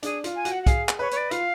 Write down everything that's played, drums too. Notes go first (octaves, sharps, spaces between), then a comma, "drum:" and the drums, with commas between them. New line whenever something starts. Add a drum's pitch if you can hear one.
D4 G#4, drum: hi-hat
F4, drum: hi-hat
G#5
F#4, drum: hi-hat
F#5
F#5
G#4 F5, drum: kick, hi-hat
drum: clap
B4 C#5
C#5, drum: hi-hat
D5
F4 F5, drum: hi-hat